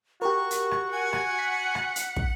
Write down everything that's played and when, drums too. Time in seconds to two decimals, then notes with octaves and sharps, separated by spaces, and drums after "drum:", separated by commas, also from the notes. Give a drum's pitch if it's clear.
0.22 F#4 G4 A#4 C#6
0.51 drum: hi-hat
0.71 drum: rim click
0.92 F#5 G#5
1.13 drum: rim click
1.39 B6
1.75 drum: rim click
1.96 drum: hi-hat
2.16 drum: kick